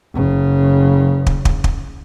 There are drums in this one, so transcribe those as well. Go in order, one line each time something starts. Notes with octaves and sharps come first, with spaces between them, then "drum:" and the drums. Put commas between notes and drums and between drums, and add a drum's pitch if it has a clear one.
F#1 C#3
drum: kick
drum: kick
drum: kick